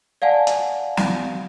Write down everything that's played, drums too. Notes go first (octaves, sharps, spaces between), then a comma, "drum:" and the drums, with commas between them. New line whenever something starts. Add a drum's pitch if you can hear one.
D5 F5 F#5 G#5 A5
drum: hi-hat
drum: snare